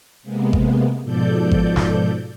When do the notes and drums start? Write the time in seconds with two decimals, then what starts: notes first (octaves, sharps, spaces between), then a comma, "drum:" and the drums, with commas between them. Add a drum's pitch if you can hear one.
0.23 C3 G#3 A#3 B3
0.53 drum: kick G#1
1.02 G#2 B2 F3 A4 D5 G6
1.51 drum: kick G#1
1.76 drum: snare